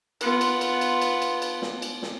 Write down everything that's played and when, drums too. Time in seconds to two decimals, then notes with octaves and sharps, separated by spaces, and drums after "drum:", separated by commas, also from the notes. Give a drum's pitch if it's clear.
0.21 B3 F4, drum: cymbal
0.41 drum: cymbal
0.61 drum: cymbal
0.81 drum: cymbal
1.02 drum: cymbal
1.22 drum: cymbal
1.42 drum: cymbal
1.62 drum: snare
1.82 drum: cymbal
2.02 drum: snare